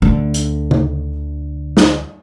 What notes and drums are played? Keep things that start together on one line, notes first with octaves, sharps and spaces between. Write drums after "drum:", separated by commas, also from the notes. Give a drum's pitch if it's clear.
D2 D3
drum: hi-hat
drum: tom C#3
drum: snare